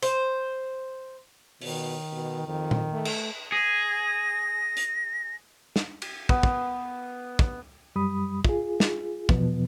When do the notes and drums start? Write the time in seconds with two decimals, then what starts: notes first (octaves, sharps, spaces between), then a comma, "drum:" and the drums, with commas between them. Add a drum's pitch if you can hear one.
0.03 C5, drum: hi-hat
1.61 B2 D#3, drum: open hi-hat
2.12 B2
2.46 F2 D#3
2.71 drum: tom A#2
2.93 A3
3.05 drum: cymbal
3.52 G#4 A#6
4.77 drum: hi-hat
5.76 drum: snare
6.02 drum: cymbal
6.29 B3, drum: kick
6.43 drum: kick
7.39 drum: kick
7.96 F#2 G3 B5 D#6
8.45 F4 G#4, drum: kick
8.80 drum: snare
9.29 E2 B2 F3 B3, drum: kick